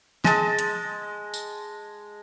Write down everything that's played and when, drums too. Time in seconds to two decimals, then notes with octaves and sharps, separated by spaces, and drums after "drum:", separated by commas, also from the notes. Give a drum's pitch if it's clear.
0.24 G#3 D#5 A5, drum: snare
0.59 drum: hi-hat
1.34 drum: tambourine